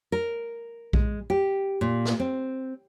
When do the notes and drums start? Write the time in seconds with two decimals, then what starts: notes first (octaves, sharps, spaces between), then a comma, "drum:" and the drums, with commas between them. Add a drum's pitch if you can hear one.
0.12 A#4
0.93 G#3, drum: kick A#1
1.30 G4
1.81 A#2
2.05 drum: snare
2.20 C4